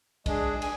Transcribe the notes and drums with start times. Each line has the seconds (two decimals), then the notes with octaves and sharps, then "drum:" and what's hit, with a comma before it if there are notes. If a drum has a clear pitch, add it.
0.26 G#3 D4 G#4, drum: kick, cymbal
0.62 G#5, drum: cymbal